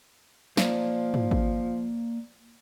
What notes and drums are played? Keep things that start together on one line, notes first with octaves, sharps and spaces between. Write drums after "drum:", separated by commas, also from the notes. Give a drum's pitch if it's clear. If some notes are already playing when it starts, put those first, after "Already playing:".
F3 A#3 D5, drum: snare
drum: tom
drum: kick